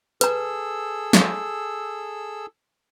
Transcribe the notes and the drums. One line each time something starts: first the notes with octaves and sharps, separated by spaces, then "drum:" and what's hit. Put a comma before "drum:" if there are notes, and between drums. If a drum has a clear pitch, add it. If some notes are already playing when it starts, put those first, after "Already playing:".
G#4 A4 B4 A#5 E6, drum: hi-hat
drum: snare